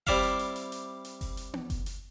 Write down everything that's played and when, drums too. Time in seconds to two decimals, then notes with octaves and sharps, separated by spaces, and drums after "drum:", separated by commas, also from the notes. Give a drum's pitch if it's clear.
0.07 G3 C4 E4 D5 E5 F5, drum: kick F#1, hi-hat
0.23 drum: hi-hat
0.39 drum: hi-hat
0.56 drum: hi-hat
0.72 drum: hi-hat
1.05 drum: hi-hat
1.21 drum: kick F#1, open hi-hat
1.37 drum: hi-hat
1.54 drum: tom B3
1.70 drum: kick F#1, hi-hat
1.86 drum: hi-hat